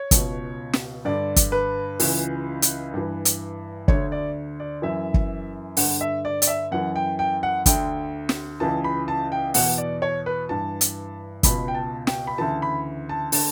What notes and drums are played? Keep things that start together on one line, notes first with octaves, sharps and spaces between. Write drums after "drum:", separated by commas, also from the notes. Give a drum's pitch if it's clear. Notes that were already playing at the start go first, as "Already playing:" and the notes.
Already playing: C#5
C#2 B2, drum: kick, hi-hat
drum: snare
G2 D3 D5
drum: kick, hi-hat
B4
C#2 C#3 E3, drum: open hi-hat
drum: hi-hat
G2 E3
drum: hi-hat
D2 D3 C#5, drum: kick
D5
D5
F#2 E3 E5
drum: kick
G2 D3 F#5, drum: open hi-hat
E5
D5
D5, drum: hi-hat
E5
F#2 E3 F#5
G5
G5
F#5
D2 D3 G5, drum: kick, hi-hat
drum: snare
C#2 C#3 E3 A5
B5
A5
G5
E2 B2 F#5, drum: open hi-hat
D5
C#5
B4
G2 E3 A5
drum: hi-hat
C#2 B2 B5, drum: kick, hi-hat
G5
A5
G5, drum: snare
B5
D2 C#3 E3 A5
B5
A5
D3 A5, drum: open hi-hat